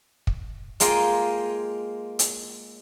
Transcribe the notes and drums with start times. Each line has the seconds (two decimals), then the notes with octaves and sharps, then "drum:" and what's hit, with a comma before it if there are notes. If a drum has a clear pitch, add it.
0.27 drum: kick
0.80 G#3 A#3 F4 D#5 G5, drum: hi-hat
2.19 drum: hi-hat